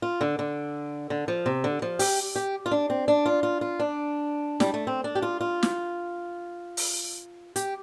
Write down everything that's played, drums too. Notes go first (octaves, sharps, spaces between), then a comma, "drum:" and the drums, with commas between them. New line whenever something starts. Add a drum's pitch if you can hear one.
F4
D3
D3
D3
F3
C3
D3
F3
G4, drum: open hi-hat
G4
F4
D4
C4
D4
F4
F4
F4
D4
G3, drum: snare
A3
C4
D4
G4
F4
F4
drum: snare
drum: open hi-hat
G4, drum: hi-hat